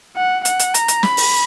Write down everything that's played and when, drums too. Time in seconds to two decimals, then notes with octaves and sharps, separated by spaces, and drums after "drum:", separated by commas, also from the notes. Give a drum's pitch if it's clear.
0.16 F#5
0.45 F#5, drum: hi-hat
0.59 drum: hi-hat
0.74 A#5, drum: hi-hat
0.88 drum: hi-hat
1.03 B5, drum: snare
1.17 drum: open hi-hat